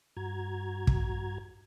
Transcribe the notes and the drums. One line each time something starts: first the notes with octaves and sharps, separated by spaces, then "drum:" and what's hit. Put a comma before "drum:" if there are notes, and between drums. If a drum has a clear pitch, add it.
G2 F#4 A#5 G#6
drum: kick